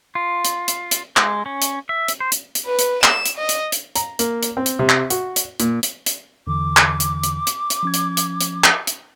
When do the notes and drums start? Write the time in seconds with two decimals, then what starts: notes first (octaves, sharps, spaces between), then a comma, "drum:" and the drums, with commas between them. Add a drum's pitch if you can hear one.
0.15 F4
0.45 drum: hi-hat
0.68 drum: hi-hat
0.91 drum: hi-hat
1.17 G#3, drum: clap
1.46 C#4
1.62 drum: hi-hat
1.89 E5
2.08 drum: hi-hat
2.20 C5
2.32 drum: hi-hat
2.55 drum: hi-hat
2.66 B4
2.79 drum: hi-hat
3.04 E7, drum: clap
3.25 drum: hi-hat
3.38 D#5
3.49 drum: hi-hat
3.72 drum: hi-hat
3.96 A#5, drum: hi-hat
4.19 A#3, drum: hi-hat
4.43 drum: hi-hat
4.57 C4
4.66 drum: hi-hat
4.79 C3
4.89 drum: clap
5.10 F#4, drum: hi-hat
5.36 drum: hi-hat
5.60 A#2, drum: hi-hat
5.83 drum: hi-hat
6.06 drum: hi-hat
6.47 E2 D3 E3 D6
6.77 drum: clap
7.00 drum: hi-hat
7.23 drum: hi-hat
7.47 drum: hi-hat
7.70 drum: hi-hat
7.83 F3 C#4 G#6
7.94 drum: hi-hat
8.17 drum: hi-hat
8.41 drum: hi-hat
8.64 drum: clap
8.87 drum: hi-hat